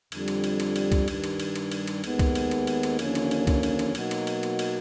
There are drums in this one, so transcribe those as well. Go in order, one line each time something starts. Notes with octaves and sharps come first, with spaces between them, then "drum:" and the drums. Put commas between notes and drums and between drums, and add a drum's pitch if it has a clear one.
F2 D3 G3, drum: cymbal
drum: cymbal
drum: cymbal
drum: cymbal
drum: cymbal
drum: kick C2, cymbal
G2 D#3 G3, drum: cymbal
drum: cymbal
drum: cymbal
drum: cymbal
drum: cymbal
drum: cymbal
D#2 D#3 G#3 B3, drum: cymbal
drum: kick C2, cymbal
drum: cymbal
drum: cymbal
drum: cymbal
drum: cymbal
D#2 D3 F3 A#3 C#4, drum: cymbal
drum: cymbal
drum: cymbal
drum: kick C2, cymbal
drum: cymbal
drum: cymbal
B2 F#3 A#3 D#4 F#4, drum: cymbal
drum: cymbal
drum: cymbal
drum: cymbal
drum: cymbal